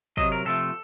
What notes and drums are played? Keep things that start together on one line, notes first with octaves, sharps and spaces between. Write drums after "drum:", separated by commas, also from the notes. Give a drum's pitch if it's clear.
C3 D#3 F#3 D#5, drum: kick
A#4
C3 F3 A3 A4